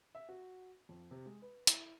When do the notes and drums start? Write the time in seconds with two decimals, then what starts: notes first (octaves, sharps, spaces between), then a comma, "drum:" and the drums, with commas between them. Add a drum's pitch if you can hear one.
0.15 E5
0.29 F#4
0.89 F2
1.11 C3
1.26 G#3
1.42 B4
1.67 E4, drum: hi-hat